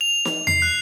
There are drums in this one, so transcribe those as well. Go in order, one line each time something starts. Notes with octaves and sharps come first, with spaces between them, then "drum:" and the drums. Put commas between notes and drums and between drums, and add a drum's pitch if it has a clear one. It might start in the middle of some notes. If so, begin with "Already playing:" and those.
F7
drum: snare
C7, drum: tom E2
F#6